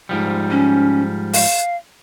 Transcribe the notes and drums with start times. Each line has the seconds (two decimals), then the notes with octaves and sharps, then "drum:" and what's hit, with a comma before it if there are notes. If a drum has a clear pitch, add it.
0.09 G#2 F3 G3
0.50 C#4
1.33 F5, drum: open hi-hat